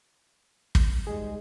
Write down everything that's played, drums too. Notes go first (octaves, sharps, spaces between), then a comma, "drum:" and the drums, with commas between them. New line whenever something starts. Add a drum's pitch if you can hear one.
drum: kick
G#2 G3 G#3 G#4